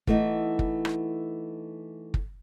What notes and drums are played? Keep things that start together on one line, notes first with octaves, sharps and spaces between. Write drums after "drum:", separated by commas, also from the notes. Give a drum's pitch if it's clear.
E3 A3 B3 D#4, drum: kick
drum: kick
drum: rim click
drum: kick